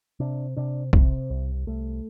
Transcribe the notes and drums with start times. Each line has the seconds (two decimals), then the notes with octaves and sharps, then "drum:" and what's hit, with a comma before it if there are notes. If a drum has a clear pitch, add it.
0.20 C3 D4
0.57 C3 D4
0.93 C3 C4, drum: kick
1.30 C2
1.67 C2 A3